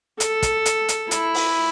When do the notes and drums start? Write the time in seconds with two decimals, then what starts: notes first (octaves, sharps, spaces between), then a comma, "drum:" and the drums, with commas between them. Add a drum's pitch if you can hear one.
0.20 A4, drum: hi-hat
0.42 drum: kick, hi-hat
0.65 drum: hi-hat
0.88 drum: hi-hat
1.11 E4, drum: hi-hat
1.34 drum: open hi-hat